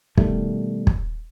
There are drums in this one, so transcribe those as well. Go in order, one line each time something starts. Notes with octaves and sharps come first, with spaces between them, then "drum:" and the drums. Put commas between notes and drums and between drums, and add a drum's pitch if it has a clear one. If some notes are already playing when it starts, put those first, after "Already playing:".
B2 D#3 G3 A3, drum: kick
drum: kick